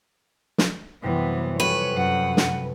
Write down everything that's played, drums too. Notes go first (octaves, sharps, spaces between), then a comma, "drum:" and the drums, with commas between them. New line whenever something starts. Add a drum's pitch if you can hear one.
drum: snare
F#2 C3 E3 G3 B3
F1 G3 F#4 B4 C#5
F#2 F#5
drum: snare